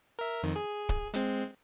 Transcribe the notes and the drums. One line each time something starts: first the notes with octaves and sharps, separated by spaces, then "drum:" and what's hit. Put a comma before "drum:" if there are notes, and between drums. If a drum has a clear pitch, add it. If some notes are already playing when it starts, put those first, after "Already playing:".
A#4 E5
F2 D#3
G#4
drum: kick
G#3 C4, drum: hi-hat